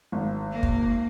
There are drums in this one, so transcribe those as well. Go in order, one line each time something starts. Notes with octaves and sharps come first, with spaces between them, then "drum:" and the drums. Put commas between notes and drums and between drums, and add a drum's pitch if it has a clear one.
G#1
A#3
drum: kick